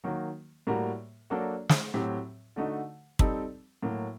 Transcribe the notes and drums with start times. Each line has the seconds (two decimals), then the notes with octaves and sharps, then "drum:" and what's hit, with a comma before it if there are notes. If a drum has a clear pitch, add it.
0.04 D#3 F#3 A#3 F#4
0.67 A2 G3 A#3 F#4 A#4
1.30 F#3 A#3 D4 F#4 A4
1.69 drum: snare
1.94 A2 F#3 C4 G4
2.56 D3 A3 D#4 F#4
3.19 G3 C4 D#4 A4, drum: kick
3.82 A2 F#3 A#3